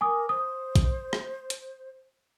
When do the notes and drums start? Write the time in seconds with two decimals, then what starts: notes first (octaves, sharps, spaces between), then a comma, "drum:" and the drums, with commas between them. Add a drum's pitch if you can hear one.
0.01 A#4 G#5 D6 D#6
0.29 C5 D#6
0.76 drum: kick, hi-hat
1.13 drum: rim click
1.50 drum: hi-hat